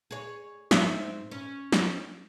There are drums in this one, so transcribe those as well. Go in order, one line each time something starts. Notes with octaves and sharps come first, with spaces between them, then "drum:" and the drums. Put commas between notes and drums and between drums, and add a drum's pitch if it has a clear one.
G#4 C#5
G#2 C4 E5, drum: snare
C#4
drum: snare